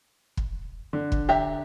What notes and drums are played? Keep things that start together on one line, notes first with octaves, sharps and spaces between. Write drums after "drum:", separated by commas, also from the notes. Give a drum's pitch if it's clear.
drum: kick
D3
drum: kick
G4 E5 A#5